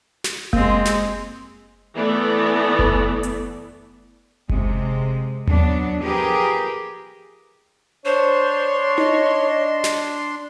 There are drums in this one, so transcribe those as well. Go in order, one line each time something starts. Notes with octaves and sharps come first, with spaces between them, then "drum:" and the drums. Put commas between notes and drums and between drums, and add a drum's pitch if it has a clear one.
drum: snare
G#3 A#3 C4, drum: kick F#1
drum: snare
E3 A3 B3 A4 D5
drum: kick F#1
drum: hi-hat
C3 G#3, drum: kick F#1
F#3 B3 D4, drum: tom D#2
F3 G4 G#4 A#4 B4
D4 C5 C#5 C6
D#5, drum: tom D#4
drum: snare